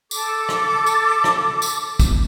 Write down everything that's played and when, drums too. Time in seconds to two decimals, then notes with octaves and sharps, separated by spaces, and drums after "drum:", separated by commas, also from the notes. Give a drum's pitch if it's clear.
0.11 A4 D6, drum: tambourine
0.49 drum: rim click
0.86 drum: tambourine
1.24 drum: rim click
1.62 drum: tambourine
2.00 drum: kick, tambourine